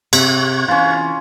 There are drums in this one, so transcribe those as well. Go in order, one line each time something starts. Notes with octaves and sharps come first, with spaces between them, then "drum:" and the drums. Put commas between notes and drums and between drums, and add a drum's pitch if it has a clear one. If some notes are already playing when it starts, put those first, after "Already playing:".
C3 C#6 F#6 G#6, drum: cymbal
E3 C#4 F4